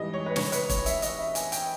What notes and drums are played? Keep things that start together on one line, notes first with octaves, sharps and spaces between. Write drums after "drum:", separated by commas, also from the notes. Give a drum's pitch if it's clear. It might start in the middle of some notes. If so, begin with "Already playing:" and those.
Already playing: G#2 E3 G3 D#5
C#5
B4
C#5, drum: snare
B4, drum: hi-hat
C#5, drum: kick, hi-hat
E5, drum: hi-hat
D#5, drum: hi-hat
E5
G#5, drum: hi-hat
G5, drum: hi-hat